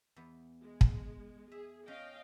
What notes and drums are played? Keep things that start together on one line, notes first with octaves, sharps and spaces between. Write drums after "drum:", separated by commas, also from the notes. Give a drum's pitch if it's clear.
E2 B3
G#3
drum: kick
G#4 E5
C#4 D#5 F5 G5